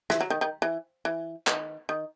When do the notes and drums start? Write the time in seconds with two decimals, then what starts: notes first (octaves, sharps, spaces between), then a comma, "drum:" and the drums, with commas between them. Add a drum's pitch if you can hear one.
0.10 E3, drum: rim click
0.21 F#3
0.30 D#3
0.41 D#3
0.62 E3
1.05 E3
1.47 D#3, drum: clap
1.89 D#3